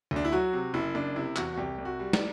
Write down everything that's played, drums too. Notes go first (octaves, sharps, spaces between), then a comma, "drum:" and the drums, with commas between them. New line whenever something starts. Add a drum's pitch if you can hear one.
D2
D4
E4
F#3 F#4
C3
F#1 E4
F#1 D4
C3 E4
E2 F#4, drum: clap
F#4
C2 G4
C2
F#4
G3
D5, drum: snare